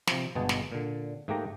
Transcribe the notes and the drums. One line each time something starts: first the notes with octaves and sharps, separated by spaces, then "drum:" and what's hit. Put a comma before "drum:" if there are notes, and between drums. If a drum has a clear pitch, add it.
C3 F3, drum: snare
G1 B2 G#3 B3 G#4 A5
drum: snare
A#2 D3
G#2 A3 A#3 G4 G5 A#5